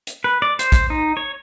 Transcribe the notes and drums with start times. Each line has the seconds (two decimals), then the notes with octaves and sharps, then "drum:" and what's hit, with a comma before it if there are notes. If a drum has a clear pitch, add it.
0.07 drum: hi-hat
0.24 B4
0.42 D5
0.59 C5, drum: hi-hat
0.72 drum: kick, hi-hat
0.90 D#4
1.17 C#5